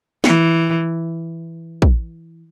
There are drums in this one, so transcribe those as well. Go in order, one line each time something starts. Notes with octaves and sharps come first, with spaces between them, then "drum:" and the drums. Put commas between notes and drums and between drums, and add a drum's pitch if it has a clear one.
E3, drum: snare
drum: kick